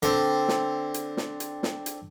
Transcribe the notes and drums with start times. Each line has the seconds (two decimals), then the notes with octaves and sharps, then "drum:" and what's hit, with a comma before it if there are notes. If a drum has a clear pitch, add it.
0.03 D3 C4, drum: hi-hat
0.48 drum: snare
0.94 drum: hi-hat
1.17 drum: snare
1.40 drum: hi-hat
1.63 drum: snare
1.86 drum: hi-hat